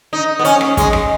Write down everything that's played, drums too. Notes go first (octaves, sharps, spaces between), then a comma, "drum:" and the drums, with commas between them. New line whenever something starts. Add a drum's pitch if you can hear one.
D#4
B3
C#4, drum: hi-hat
drum: rim click
G#3, drum: kick, hi-hat
drum: rim click